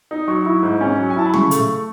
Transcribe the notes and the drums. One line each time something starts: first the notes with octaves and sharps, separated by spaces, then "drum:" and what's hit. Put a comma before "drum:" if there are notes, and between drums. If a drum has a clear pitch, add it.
D#4
F#3 C#6
E4
G#2
C#4
F#3
G#5
E4 A5
B5
C#3 C#6, drum: tom
A3, drum: hi-hat